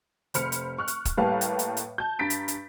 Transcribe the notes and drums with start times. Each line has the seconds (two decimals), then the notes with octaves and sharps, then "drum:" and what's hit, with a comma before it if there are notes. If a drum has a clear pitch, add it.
0.34 F1 C5 B5 F6 C#7, drum: hi-hat
0.52 drum: hi-hat
0.78 C#6 F6 F#6
0.88 drum: hi-hat
1.05 drum: kick, hi-hat
1.17 A2 G3 A#3 B4 F5 A5
1.41 drum: hi-hat
1.59 drum: hi-hat
1.77 drum: hi-hat
1.98 A5 G6
2.19 G2 A#5 A6 B6 D7
2.30 drum: hi-hat
2.48 drum: hi-hat